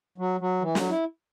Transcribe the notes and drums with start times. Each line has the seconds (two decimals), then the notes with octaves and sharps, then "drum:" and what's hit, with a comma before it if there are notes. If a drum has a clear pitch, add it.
0.18 F#3
0.40 F#3
0.61 E3
0.75 F#3, drum: snare
0.90 E4